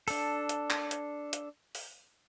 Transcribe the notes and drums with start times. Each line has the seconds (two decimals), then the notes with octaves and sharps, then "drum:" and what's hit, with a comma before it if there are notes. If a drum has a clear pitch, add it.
0.08 D4 A4, drum: open hi-hat
0.49 drum: hi-hat
0.70 drum: clap
0.91 drum: hi-hat
1.33 drum: hi-hat
1.75 drum: open hi-hat